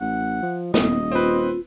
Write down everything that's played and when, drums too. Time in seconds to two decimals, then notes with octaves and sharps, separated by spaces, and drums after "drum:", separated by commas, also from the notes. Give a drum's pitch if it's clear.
0.01 A1 F#5
0.43 F3
0.74 D#1 B3 D#5, drum: snare
1.12 C4 F4 B4